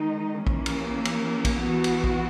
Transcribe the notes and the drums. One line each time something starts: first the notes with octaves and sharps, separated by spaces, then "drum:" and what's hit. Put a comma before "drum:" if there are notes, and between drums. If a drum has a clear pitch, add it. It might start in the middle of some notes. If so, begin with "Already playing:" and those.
Already playing: D#3 G#3 D#4
E3 A#3 C#4, drum: kick
drum: cymbal
drum: cymbal
drum: kick, cymbal
E3 B3 F#4
drum: cymbal
drum: kick